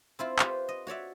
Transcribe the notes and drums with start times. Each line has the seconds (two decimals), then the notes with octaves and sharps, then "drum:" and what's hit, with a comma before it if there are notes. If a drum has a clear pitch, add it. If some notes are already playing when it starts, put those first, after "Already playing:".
0.19 C4 E4 F4
0.39 F4 G4 B4 C5, drum: clap
0.69 D#5
0.87 F#4 C#5 D5 E5